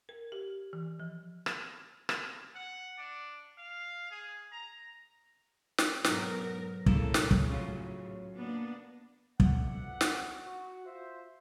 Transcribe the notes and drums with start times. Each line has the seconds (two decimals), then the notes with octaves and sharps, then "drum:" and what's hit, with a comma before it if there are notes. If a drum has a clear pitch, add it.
0.09 A#4
0.32 G4
0.73 E3
1.00 F3
1.46 drum: rim click
2.09 drum: rim click
2.55 F#5
2.98 D4
3.58 F5
4.11 G#4
4.52 A#5
5.78 drum: snare
6.04 B1 G#2 B3 A#4, drum: snare
6.86 A2 C#3 A#3 E4 A4, drum: kick
7.14 drum: snare
7.31 drum: kick
7.50 F#3 C#4 F4
8.36 A#3 B3 D4
9.40 B1 F3 A3 D5 E5 F#5, drum: kick
10.01 drum: snare
10.34 F#4
10.86 F4 C5 E5